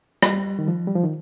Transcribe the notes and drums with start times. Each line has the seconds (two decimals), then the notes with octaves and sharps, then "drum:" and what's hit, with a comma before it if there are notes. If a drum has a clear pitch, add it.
0.22 G3, drum: rim click
0.59 D#3
0.68 F3
0.87 G3
0.96 F3
1.04 D#3